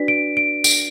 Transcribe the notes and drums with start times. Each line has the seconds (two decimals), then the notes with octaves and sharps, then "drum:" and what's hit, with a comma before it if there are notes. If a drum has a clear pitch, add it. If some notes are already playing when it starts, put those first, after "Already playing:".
Already playing: D4 F#4 B4 D5 B6
0.08 D7
0.37 D7
0.64 D7, drum: tambourine